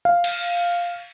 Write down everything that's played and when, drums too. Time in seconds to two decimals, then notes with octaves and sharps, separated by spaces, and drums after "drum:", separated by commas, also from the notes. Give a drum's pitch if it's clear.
0.05 F5
0.24 drum: cymbal